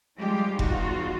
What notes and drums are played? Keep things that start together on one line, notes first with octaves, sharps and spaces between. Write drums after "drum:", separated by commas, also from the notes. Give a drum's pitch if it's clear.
F3 G3 G#3 F4 G4
E2 D#4 F4 F#4, drum: kick F1